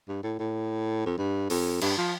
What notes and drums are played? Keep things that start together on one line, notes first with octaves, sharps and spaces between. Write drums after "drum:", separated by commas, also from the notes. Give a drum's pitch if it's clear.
G2
A2
A2
F2
G2
F2, drum: open hi-hat
G2, drum: cymbal
F3